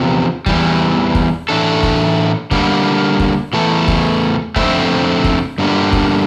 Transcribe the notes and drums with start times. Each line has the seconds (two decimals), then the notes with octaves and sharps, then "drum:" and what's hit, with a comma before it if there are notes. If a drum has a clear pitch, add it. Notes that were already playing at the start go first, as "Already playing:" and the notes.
Already playing: E2 C3 F3
0.46 E2 E3 G3, drum: kick
1.15 drum: kick
1.49 A2 E3 A3 D4 A4
1.83 drum: kick
2.51 D3 G3 A#3, drum: kick
3.20 drum: kick
3.53 E2 E3 A3 E4 A4
3.88 drum: kick
4.56 F2 D3 A3 C4 E4, drum: kick
5.24 drum: kick
5.58 G2 D3 G3 A#3
5.93 drum: kick